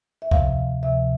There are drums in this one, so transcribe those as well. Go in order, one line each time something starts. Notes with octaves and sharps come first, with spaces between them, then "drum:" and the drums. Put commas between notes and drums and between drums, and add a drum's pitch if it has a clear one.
E5
D2 C3 F3 F5, drum: kick B1
D2 C3 F3 E5